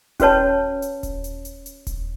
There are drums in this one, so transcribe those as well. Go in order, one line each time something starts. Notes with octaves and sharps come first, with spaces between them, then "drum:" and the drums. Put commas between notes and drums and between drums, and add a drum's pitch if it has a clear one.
C#4 F#4 B4 C#5 A5, drum: kick D#1, hi-hat
drum: hi-hat
drum: kick D#1, hi-hat
drum: hi-hat
drum: hi-hat
drum: hi-hat
drum: kick D#1, hi-hat